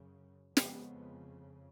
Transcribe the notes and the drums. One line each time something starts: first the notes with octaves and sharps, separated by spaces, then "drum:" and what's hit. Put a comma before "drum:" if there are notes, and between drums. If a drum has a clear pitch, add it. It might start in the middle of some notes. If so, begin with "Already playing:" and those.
Already playing: F#2 C#3
F2 C#3 G#3 B3, drum: snare